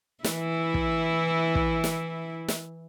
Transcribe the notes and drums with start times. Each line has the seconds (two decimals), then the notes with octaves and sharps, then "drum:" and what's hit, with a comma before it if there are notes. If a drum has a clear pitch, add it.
0.24 E3 E4, drum: snare
0.74 drum: kick
1.55 drum: kick
1.84 drum: snare
2.48 drum: snare